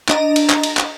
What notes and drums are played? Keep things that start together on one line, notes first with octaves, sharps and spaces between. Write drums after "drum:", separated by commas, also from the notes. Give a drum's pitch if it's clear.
D4 D#5 A#5, drum: clap
drum: cymbal
drum: clap
drum: cymbal
drum: clap